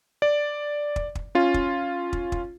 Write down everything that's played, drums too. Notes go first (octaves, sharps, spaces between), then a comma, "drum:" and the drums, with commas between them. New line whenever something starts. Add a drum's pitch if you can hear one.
D5
drum: kick
drum: kick
C#4 F4
drum: kick
drum: kick
drum: kick